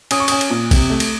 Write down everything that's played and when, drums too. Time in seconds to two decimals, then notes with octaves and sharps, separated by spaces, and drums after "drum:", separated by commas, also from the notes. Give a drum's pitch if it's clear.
0.11 C#4 D#6, drum: cymbal
0.20 C#6
0.28 C#4 D#6, drum: cymbal
0.41 drum: cymbal
0.50 A#2
0.71 C3, drum: kick A#1, cymbal
0.90 A3
1.00 drum: cymbal